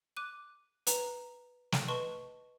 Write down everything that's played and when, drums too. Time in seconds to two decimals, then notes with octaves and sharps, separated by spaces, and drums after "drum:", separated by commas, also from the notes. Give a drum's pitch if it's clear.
0.17 D6 F#6 D#7
0.87 B4 A#5, drum: hi-hat
1.72 drum: snare
1.88 B4 D#5 A5 C6 C#6